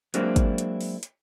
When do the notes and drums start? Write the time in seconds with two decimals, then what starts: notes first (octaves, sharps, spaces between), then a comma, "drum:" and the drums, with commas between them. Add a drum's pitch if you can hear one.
0.14 F#3 G#3 A#3 C4 D4 E4, drum: hi-hat
0.36 drum: kick, hi-hat
0.58 drum: hi-hat
0.81 drum: open hi-hat
1.03 drum: hi-hat